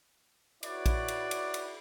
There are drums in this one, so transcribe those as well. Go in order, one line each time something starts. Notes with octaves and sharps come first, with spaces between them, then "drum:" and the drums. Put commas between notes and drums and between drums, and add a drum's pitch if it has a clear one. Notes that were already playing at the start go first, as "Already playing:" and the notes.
E4 F#4 B4 C#5 D5, drum: cymbal
drum: kick A#1, cymbal
drum: cymbal
drum: cymbal
drum: cymbal